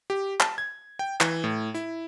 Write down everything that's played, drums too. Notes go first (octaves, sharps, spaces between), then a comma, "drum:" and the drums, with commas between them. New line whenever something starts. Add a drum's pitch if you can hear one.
G4
A5, drum: clap
G#6
G5
E3, drum: clap
A2
E4, drum: hi-hat